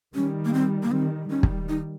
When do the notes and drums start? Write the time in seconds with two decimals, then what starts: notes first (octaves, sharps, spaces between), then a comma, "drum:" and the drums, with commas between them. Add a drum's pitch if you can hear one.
0.15 D#3 G3 C#4
0.45 A#3
0.54 C4
0.83 A#3
0.92 D#3 G3 C4
1.30 D#3 G3 C#4
1.43 drum: kick
1.69 D#4